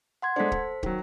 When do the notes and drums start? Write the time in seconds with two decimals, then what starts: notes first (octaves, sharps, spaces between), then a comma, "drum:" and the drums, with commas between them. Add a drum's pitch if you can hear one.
0.22 F#5 C6 G#6
0.36 G#3 A3 D4 C5 B6
0.52 A4, drum: kick
0.83 D#3 F#3, drum: kick